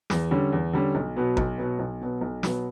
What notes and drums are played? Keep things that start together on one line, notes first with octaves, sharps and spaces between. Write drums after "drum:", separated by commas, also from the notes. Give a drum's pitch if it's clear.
E2, drum: snare
D3 G3 C#4
E2
D3 G3 C#4
B1
B2 F#3 B3
B1, drum: kick G#1
B2 F#3 B3
B1
B2 F#3 B3
B1
B2 F#3 B3, drum: snare